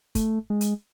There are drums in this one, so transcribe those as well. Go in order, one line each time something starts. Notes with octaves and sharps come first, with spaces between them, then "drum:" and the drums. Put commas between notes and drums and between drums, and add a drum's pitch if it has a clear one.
A3, drum: kick, hi-hat
G#3
drum: hi-hat